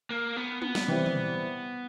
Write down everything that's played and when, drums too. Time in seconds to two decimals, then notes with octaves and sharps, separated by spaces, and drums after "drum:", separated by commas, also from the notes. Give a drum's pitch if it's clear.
0.11 A#3
0.37 B3
0.62 B3, drum: tom
0.75 drum: snare
0.88 E3 G3 C4 E4
1.06 drum: tom